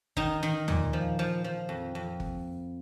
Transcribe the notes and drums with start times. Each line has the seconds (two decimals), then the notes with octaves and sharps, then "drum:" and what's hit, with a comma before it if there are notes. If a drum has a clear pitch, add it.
0.17 D#3 D#4, drum: kick G1
0.43 D#3
0.68 A#2, drum: tom D#2
0.93 F3
1.19 F3
1.44 F3
1.69 F2
1.95 F2
2.20 drum: kick G1